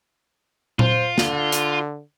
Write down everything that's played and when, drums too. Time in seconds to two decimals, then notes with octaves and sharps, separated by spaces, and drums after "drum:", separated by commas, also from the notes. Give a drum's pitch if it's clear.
0.79 F4 C5, drum: tom A#2
1.18 D3, drum: snare
1.52 drum: hi-hat